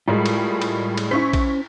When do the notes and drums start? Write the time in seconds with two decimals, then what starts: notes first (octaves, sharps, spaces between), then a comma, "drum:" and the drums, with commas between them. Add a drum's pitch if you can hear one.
0.08 A2 G3 G#3 F4 A#4
0.26 drum: cymbal
0.62 drum: cymbal
0.97 drum: cymbal
1.11 C#4 E4 C5 C#6 B6
1.33 drum: kick A#1, cymbal